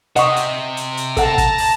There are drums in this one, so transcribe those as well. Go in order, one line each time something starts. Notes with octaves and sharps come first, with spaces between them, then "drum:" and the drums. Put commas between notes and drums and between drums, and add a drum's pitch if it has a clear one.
C3 D#5 F#5 C#6, drum: hi-hat
drum: hi-hat
drum: hi-hat
drum: hi-hat
A4 F#5 A5 A#5, drum: kick, hi-hat
drum: kick, hi-hat
drum: open hi-hat